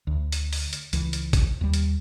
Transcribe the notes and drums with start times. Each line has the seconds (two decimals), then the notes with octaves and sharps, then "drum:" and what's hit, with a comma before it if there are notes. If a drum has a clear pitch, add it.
0.07 D2
0.32 drum: hi-hat
0.53 drum: open hi-hat
0.73 drum: hi-hat
0.93 C#2 E3, drum: hi-hat
1.13 drum: hi-hat
1.33 drum: kick, hi-hat
1.61 D#2 G3
1.74 drum: hi-hat